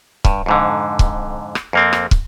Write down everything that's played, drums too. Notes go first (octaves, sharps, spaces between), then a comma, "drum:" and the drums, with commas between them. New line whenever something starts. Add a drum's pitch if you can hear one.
G2, drum: kick
F2 G#2 D3
drum: kick
drum: rim click
F2 A#3 C4
drum: rim click
drum: kick